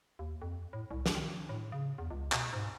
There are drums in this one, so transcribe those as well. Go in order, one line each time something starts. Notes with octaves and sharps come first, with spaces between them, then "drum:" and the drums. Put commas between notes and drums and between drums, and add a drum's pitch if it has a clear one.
D#2
F2
A2
C2
drum: snare
D#3
A2
C#3
E2
C#2
B2, drum: clap
G#2